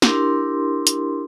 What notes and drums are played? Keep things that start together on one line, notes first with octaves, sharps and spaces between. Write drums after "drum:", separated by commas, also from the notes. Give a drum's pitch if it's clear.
D4 E4 G4 A#4 C6, drum: snare
drum: hi-hat